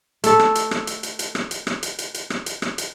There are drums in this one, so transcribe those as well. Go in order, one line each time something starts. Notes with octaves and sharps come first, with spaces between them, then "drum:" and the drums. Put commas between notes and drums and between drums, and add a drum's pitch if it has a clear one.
A3 A4, drum: hi-hat
drum: rim click
drum: hi-hat
drum: rim click
drum: hi-hat
drum: hi-hat
drum: hi-hat
drum: rim click
drum: hi-hat
drum: rim click
drum: hi-hat
drum: hi-hat
drum: hi-hat
drum: rim click
drum: hi-hat
drum: rim click
drum: hi-hat